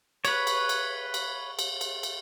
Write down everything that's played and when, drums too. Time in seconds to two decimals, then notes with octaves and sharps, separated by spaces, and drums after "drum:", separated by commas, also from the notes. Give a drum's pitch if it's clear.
0.25 B4 C#5, drum: cymbal
0.47 drum: cymbal
0.69 drum: cymbal
1.14 drum: cymbal
1.59 drum: cymbal
1.81 drum: cymbal
2.03 drum: cymbal